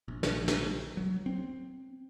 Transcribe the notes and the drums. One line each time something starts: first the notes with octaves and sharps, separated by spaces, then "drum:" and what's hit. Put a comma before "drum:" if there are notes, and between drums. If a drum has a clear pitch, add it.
A#1
drum: snare
drum: snare
F#3
C4